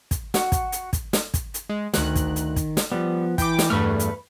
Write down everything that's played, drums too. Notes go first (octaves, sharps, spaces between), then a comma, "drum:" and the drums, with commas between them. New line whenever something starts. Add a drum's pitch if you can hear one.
drum: kick, hi-hat
F#4, drum: snare
drum: kick, hi-hat
drum: hi-hat
drum: kick, hi-hat
drum: snare
drum: kick, hi-hat
drum: hi-hat
G#3
D2 D#3 F#6, drum: snare
drum: kick, hi-hat
drum: hi-hat
drum: kick, hi-hat
drum: snare
F3 G3 B3
E3 G5 D6, drum: kick, hi-hat
drum: snare
E2 G2 A3 B4 C#6 F6
drum: hi-hat